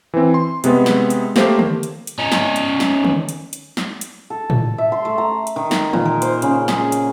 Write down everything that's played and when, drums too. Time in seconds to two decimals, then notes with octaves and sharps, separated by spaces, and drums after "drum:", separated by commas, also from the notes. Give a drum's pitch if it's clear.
0.14 E3 C4
0.34 C6
0.64 C3 G#3 B3, drum: hi-hat
0.86 drum: snare
1.10 drum: hi-hat
1.36 A3 A#3 G4 A#4 C5, drum: snare
1.59 drum: tom D3
1.83 drum: hi-hat
2.07 drum: hi-hat
2.19 C#4 D#4
2.32 drum: snare
2.56 drum: hi-hat
2.80 drum: snare
3.04 drum: tom D3
3.29 drum: hi-hat
3.53 drum: hi-hat
3.77 drum: snare
4.01 drum: hi-hat
4.30 A4
4.50 drum: tom A2
4.78 E5
4.92 C6
5.05 A3
5.18 A#5
5.47 drum: hi-hat
5.56 D#3
5.71 drum: snare
5.93 A#2, drum: tom D3
6.05 A#4
6.22 C5, drum: hi-hat
6.42 C#3, drum: hi-hat
6.68 G#4, drum: snare
6.92 drum: hi-hat